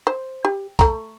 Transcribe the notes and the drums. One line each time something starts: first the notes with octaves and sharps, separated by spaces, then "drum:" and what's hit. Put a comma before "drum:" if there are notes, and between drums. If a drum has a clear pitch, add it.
C5
G4
A3 A#5, drum: kick C2, hi-hat